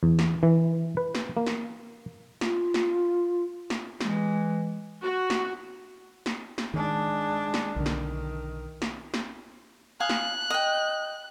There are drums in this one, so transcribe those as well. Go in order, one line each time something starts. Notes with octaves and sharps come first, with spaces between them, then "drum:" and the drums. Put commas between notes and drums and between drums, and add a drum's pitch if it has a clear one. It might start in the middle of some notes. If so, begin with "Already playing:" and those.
E2
drum: snare
E3
B4
drum: snare
A#3
drum: snare
F4, drum: snare
drum: snare
drum: snare
E3 G#3, drum: snare
F#4
drum: snare
drum: snare
drum: snare
D#3 G#3 D4
drum: snare
B1 D3 D#3
drum: snare
drum: snare
drum: snare
F5 G#5 D#6 F#6
drum: snare
D#5 G5